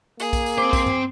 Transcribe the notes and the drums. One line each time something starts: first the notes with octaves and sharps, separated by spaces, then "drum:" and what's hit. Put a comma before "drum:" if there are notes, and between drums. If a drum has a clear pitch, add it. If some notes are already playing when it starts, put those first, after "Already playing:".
A#3 G#4, drum: tambourine
drum: kick, tambourine
drum: tambourine
C4 C5 D6
drum: kick, tambourine
drum: tom